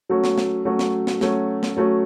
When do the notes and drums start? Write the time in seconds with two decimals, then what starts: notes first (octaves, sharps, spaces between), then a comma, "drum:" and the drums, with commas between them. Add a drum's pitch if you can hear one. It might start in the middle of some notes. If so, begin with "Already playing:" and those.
0.09 F#3 A3 C#4 F#4
0.24 drum: snare
0.38 drum: snare
0.65 F#3 A3 C#4 F#4
0.79 drum: snare
1.07 drum: snare
1.21 F#3 A3 C#4 F#4, drum: snare
1.63 drum: snare
1.77 F#3 A3 C#4 F#4